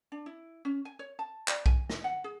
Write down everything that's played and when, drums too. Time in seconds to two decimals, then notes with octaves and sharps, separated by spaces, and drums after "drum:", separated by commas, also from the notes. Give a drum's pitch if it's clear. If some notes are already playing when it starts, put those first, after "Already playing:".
0.12 D4
0.26 E4
0.65 C#4
0.85 G#5
0.99 C#5
1.19 A5
1.48 D5, drum: clap
1.66 G#5, drum: kick
1.89 D#5, drum: snare
2.04 F#5
2.24 G#4